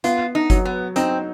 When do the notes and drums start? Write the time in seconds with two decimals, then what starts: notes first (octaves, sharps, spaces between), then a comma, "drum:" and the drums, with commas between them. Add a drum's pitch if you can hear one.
0.04 B3 F4, drum: hi-hat
0.35 D#4
0.50 F#3, drum: kick G1, hi-hat
0.65 B3
0.96 C4 D#4, drum: hi-hat